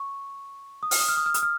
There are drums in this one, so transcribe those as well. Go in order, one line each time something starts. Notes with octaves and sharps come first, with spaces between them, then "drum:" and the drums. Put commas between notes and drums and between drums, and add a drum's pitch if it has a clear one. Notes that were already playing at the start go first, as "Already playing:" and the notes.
Already playing: C#6
D#6
F6, drum: open hi-hat
D#6
F6
D#6
F6
D#6, drum: hi-hat
F6